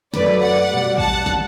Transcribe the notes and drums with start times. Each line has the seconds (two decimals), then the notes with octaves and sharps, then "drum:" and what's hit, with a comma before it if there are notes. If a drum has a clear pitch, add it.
0.14 F#2 F#3 A3 B4 D5, drum: snare
0.42 D5 F#5
0.70 B2 G3
0.98 F#5 A5, drum: kick
1.26 drum: snare